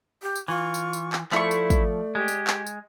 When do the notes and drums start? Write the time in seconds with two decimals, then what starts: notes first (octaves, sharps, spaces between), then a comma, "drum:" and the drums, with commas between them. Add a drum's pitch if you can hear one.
0.22 G4
0.36 drum: tambourine
0.48 E3 F4 C#6
0.74 drum: tambourine
0.93 drum: tambourine
1.13 drum: clap
1.32 F3 A3 E4 D5 C#6, drum: clap
1.51 drum: tambourine
1.70 drum: kick, tambourine
2.15 G#3 G4
2.28 drum: tambourine
2.47 drum: clap
2.67 drum: tambourine